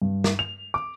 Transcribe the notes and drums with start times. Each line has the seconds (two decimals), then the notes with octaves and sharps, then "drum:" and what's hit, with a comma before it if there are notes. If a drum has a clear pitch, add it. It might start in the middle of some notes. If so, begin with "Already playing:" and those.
0.02 G2
0.24 drum: snare
0.39 F7
0.74 D6